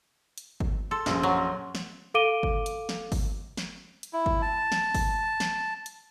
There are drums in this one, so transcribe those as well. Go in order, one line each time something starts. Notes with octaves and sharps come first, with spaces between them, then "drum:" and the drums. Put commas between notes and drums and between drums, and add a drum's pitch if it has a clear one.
drum: hi-hat
drum: kick G1
A4 C6
A#1 F#2, drum: snare
F#3
drum: snare
A4 F5 D6 D7 D#7 G7
drum: kick G1
drum: hi-hat
drum: snare
drum: kick G1, open hi-hat
drum: snare
drum: hi-hat
E4
drum: kick G1
A5
drum: snare
drum: kick G1, open hi-hat
drum: snare
drum: hi-hat